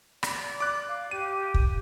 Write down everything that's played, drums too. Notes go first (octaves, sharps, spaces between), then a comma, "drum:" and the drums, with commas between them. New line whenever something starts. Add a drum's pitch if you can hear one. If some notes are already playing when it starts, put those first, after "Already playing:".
D5, drum: rim click
D6 F#6
F5
G4 D#7
drum: kick